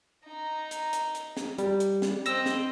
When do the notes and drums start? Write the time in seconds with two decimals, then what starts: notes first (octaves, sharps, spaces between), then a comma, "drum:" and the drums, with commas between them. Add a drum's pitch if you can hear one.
0.25 D#4 A#5
0.71 drum: hi-hat
0.93 drum: hi-hat
1.15 drum: hi-hat
1.37 drum: snare
1.58 G3, drum: hi-hat
1.80 drum: hi-hat
2.02 drum: snare
2.26 C4 D#5 E6 A#6, drum: hi-hat
2.46 drum: snare